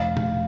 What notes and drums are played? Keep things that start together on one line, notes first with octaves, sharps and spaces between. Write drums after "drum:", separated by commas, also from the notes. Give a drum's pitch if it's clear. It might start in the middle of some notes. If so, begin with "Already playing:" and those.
Already playing: F1 F5
drum: tom